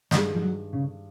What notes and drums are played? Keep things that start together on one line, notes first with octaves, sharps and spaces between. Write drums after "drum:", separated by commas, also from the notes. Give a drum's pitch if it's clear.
G2 D#3 G3 G#3, drum: snare
F3
F#3
C#3